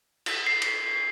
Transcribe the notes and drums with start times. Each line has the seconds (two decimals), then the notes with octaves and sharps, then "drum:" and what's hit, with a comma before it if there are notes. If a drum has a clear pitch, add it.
0.26 drum: cymbal
0.47 C7
0.62 drum: cymbal